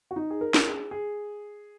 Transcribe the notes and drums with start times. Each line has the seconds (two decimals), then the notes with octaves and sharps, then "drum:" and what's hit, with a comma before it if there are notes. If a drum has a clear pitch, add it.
0.11 F#4
0.16 D#4
0.31 G#4
0.41 A#4
0.54 drum: snare
0.67 G#4
0.91 G#4